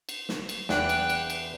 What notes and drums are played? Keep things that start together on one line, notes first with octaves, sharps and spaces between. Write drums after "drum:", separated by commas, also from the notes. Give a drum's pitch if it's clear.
drum: cymbal
drum: snare
drum: cymbal
E2 D4 D5 G5 F#6, drum: snare
drum: cymbal
drum: cymbal
drum: cymbal